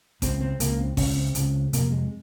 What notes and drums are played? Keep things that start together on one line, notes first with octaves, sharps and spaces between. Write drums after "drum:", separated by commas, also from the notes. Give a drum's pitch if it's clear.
C#2 C#3 C4, drum: kick G#1, hi-hat
C4
C#2 C#3 A#3, drum: hi-hat
C4
C#2 C#3 C#4, drum: kick G#1, open hi-hat
C4
C#2 C#3, drum: hi-hat
F2 C3 A#3, drum: hi-hat
G#3